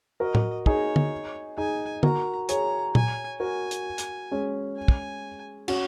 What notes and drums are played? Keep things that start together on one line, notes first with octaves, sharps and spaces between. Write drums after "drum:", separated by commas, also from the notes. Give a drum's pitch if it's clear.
F#4 A#4 D#5
drum: tom A2
D#4 G#4 C#5, drum: kick
drum: tom D3
D#4 G#4 G#5
F#4 A#4 A#5, drum: tom D3
G#4 C#5 A#5, drum: hi-hat
G#5, drum: tom A#2
F#4 A#4 G#5
drum: hi-hat
drum: hi-hat
G#3 C#4
G#5
drum: kick
C#4 F#4, drum: cymbal